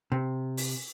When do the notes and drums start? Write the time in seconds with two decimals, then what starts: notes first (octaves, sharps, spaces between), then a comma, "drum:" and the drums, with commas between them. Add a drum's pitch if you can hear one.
0.12 C3
0.57 drum: open hi-hat